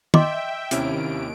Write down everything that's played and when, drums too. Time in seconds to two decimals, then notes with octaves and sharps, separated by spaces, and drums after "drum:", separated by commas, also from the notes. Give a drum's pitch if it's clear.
0.14 D#5 E5 G5 C6 D6, drum: tom
0.71 D#2 C3 C#4 E4 D7, drum: hi-hat